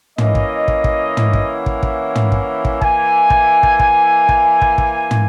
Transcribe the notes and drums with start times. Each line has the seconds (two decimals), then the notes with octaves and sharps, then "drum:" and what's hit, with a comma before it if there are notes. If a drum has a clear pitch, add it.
0.18 E3 A#3 C#4 E4 D#5, drum: tom
0.35 drum: kick
0.68 drum: kick
0.84 drum: kick
1.17 drum: tom
1.33 drum: kick
1.50 F#5
1.66 drum: kick
1.83 drum: kick
2.15 drum: tom
2.32 drum: kick
2.65 drum: kick
2.82 E3 A#3 E4 G#5, drum: kick
3.30 drum: kick
3.63 drum: kick
3.80 drum: kick
4.29 drum: kick
4.62 drum: kick
4.78 drum: kick
5.11 drum: tom